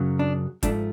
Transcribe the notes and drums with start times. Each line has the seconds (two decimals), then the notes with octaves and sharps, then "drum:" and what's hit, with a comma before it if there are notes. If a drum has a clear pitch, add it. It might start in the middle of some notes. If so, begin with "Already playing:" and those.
Already playing: F#2 C#3 F#3
0.19 D4
0.63 G#2 F3 A3 D4, drum: kick, hi-hat